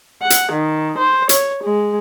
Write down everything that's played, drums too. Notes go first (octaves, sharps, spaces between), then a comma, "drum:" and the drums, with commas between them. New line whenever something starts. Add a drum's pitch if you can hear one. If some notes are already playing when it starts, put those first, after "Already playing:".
F#5
drum: hi-hat
D#3
C5
C#5, drum: hi-hat
G#3